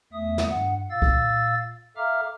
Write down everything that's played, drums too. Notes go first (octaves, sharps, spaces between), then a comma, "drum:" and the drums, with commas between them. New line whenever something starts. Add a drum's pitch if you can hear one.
E2 A3 E5 D#6
drum: snare
G2 F#5
A#2 F5 E6 A6
drum: kick C2
A4 E5 F5 A#5 D6 F6